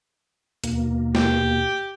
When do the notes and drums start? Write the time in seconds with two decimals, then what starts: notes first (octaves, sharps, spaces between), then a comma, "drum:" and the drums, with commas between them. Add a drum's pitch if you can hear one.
0.64 D#2 B2 A#3, drum: hi-hat
1.15 G4, drum: snare